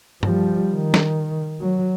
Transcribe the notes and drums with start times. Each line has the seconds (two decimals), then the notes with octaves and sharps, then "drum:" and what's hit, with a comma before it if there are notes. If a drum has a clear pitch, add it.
0.23 F3 G3, drum: tom G2
0.73 D#3
0.94 drum: snare
1.60 F#3